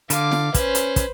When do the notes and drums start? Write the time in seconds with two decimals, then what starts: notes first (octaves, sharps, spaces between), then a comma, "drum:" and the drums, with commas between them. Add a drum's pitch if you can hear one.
0.10 D3 F5 D6, drum: hi-hat
0.32 drum: snare
0.54 C#4 B4 C5, drum: kick, hi-hat
0.75 drum: hi-hat
0.96 drum: kick, hi-hat